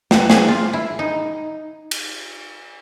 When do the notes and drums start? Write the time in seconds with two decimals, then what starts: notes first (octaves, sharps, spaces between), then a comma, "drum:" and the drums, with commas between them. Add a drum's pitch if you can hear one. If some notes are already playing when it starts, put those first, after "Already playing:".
0.11 G4, drum: snare
0.30 G#4, drum: snare
0.48 F4
0.73 E4
0.99 D#4
1.91 drum: cymbal